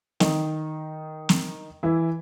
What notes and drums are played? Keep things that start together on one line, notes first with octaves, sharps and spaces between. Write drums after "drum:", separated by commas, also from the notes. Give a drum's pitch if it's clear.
D#3 D#4, drum: snare
drum: snare
E3 E4